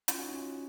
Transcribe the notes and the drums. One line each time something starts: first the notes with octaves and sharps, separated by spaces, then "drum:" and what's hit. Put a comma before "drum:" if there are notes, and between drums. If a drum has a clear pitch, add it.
C#4 F4, drum: hi-hat
D#4 F#4
C#4 F4